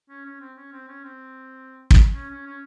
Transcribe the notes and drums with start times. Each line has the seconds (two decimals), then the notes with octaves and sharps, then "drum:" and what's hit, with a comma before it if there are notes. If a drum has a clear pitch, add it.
0.09 C#4
0.25 C#4
0.40 C4
0.57 C#4
0.72 C4
0.88 C#4
1.04 C4
1.91 drum: kick
2.14 C#4
2.30 C#4
2.46 C#4